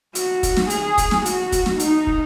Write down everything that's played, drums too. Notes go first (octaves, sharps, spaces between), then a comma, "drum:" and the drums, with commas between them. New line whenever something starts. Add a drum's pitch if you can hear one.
F#4, drum: hi-hat
drum: kick, hi-hat
drum: snare
G#4, drum: hi-hat
drum: kick, hi-hat
drum: snare
F#4, drum: hi-hat
drum: kick, hi-hat
drum: snare
D#4, drum: hi-hat
drum: kick